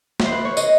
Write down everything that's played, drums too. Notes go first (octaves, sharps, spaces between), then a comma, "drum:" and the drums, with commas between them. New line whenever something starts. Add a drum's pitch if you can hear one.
E5, drum: snare
C5
B4
C#5
D#5, drum: tambourine